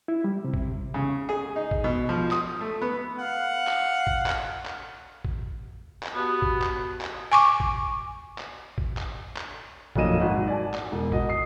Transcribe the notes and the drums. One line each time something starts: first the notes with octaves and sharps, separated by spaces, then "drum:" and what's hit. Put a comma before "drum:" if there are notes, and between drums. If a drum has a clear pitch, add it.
E4
G3
C3
drum: kick
C#3
G#4
D#4
drum: kick
B2
F3
D#6, drum: clap
A3
B3
F5 F#5
drum: clap
drum: kick
drum: clap
drum: clap
drum: kick
drum: clap
B3 F#4 G4 A5
drum: kick
drum: clap
drum: clap
G#5 C#6 D6
drum: kick
drum: clap
drum: kick
drum: clap
drum: clap
F1 A#2 F#3 D#5 D#7 E7, drum: kick
G#1 F#4
D5 G#5 A5
drum: clap
E1
F#4 D#5, drum: kick
D#6 C7